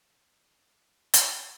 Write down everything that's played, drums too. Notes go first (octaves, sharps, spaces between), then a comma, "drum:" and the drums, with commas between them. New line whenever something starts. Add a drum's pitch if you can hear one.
C#5 G#5
drum: hi-hat